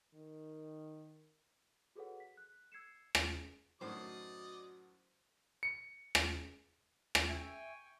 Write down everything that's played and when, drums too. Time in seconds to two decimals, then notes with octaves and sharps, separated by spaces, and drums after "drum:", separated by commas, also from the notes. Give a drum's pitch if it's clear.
0.14 D#3
1.96 F#4 G#4 A4 B4 C#5 F#5
2.20 B6
2.37 F#6
2.72 E6 G#6 C7 C#7 E7
3.15 drum: rim click
3.81 F#2 A2 D#3 F#4 C5 D5 D#5 D#6
5.63 C#7
6.15 drum: rim click
7.15 drum: rim click
7.29 E5 G5 G#5 C#6